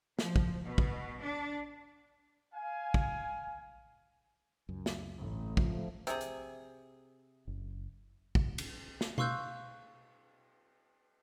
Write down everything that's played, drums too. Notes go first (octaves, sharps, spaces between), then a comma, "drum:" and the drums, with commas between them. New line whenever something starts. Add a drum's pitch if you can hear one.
F3, drum: snare
drum: kick
B2
drum: kick
D4
F5 G#5
drum: kick
C#2 F#2
drum: snare
A1
F3 A3, drum: kick
C3 G#4, drum: hi-hat
drum: hi-hat
F#1
drum: kick
drum: cymbal
drum: snare
F5 C6 C#6 E6 F#6 G6, drum: tom B2